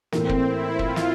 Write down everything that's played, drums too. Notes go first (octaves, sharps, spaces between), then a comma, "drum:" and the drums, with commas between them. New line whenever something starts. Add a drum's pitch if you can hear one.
A2 E3 A#3 C4, drum: snare
drum: kick
E4
F4, drum: kick
drum: snare